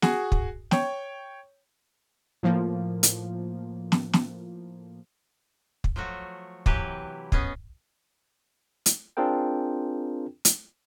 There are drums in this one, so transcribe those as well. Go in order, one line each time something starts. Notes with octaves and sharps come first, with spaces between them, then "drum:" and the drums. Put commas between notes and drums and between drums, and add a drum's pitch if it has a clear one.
F#4 G#4, drum: snare
drum: kick
C#5 G5, drum: snare
A2 F3 A#3
drum: hi-hat
drum: snare
drum: snare
drum: kick
F3 F#3 A3 F#4
C3 E3 F#3 E4 G4 B4, drum: kick
B3 C#4 G#4 D#5, drum: kick
drum: hi-hat
C4 D4 F4 G#4 A#4 G5
drum: hi-hat